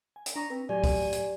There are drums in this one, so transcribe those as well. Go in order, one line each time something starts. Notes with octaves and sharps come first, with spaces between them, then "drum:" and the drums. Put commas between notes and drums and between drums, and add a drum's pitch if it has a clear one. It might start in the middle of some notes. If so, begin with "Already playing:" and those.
G#5
drum: hi-hat
D4 A#5 C#6 D#6
C4 B4
A2 F#3 G4 D5 G#5
drum: kick C2, open hi-hat
drum: hi-hat